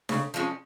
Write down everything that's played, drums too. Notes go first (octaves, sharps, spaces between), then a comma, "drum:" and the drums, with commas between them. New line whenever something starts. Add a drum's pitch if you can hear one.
C#3, drum: snare D4
F3 G#3 C#4